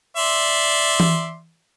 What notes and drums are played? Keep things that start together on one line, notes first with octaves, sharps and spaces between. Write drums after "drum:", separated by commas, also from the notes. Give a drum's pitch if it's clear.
D5 E5 C6
drum: tom E3